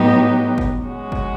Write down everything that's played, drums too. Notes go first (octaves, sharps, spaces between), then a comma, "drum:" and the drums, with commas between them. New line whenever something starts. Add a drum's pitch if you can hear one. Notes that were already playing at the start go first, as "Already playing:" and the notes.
Already playing: A2 F#3 B3 D#4 G4
drum: kick
D#3 G#3 C#4 F#4
drum: kick